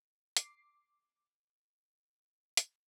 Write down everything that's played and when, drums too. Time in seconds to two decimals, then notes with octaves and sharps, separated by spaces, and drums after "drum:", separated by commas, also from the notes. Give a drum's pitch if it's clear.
0.37 D6 C7, drum: hi-hat
2.57 drum: hi-hat